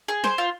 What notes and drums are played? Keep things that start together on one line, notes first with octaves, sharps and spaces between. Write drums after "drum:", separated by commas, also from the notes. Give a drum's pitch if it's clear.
G#4
C5, drum: snare
F4